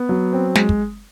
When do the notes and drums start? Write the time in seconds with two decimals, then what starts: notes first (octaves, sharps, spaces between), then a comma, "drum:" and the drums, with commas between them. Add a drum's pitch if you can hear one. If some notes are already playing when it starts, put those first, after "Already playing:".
Already playing: B3
0.09 F#3
0.33 C4
0.55 G#3, drum: snare
0.69 drum: kick